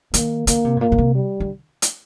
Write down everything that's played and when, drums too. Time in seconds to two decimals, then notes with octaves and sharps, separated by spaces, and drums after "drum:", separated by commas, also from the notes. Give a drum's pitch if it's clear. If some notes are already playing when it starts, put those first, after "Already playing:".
0.14 D#3 A#3, drum: hi-hat
0.47 D3 A#3, drum: hi-hat
0.64 C3
0.77 A2
0.81 A#2 A#3
0.92 A#2
0.98 C3
1.15 G3
1.40 D3
1.82 drum: hi-hat